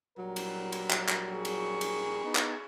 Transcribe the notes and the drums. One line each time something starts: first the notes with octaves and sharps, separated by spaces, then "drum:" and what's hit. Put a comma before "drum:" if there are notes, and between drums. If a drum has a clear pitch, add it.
A#1 F#3 G3 A#4
drum: cymbal
drum: cymbal
drum: clap
drum: clap
G#4 C#6
drum: cymbal
drum: cymbal
B3 D#4
drum: clap